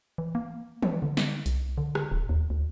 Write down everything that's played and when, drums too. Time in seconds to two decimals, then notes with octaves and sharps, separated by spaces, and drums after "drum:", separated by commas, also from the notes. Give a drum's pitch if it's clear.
0.18 E3
0.35 A#3
0.83 drum: tom
1.02 D3
1.17 drum: snare
1.46 C2, drum: hi-hat
1.78 D3
1.95 drum: rim click
2.11 D1
2.29 D#2
2.50 D2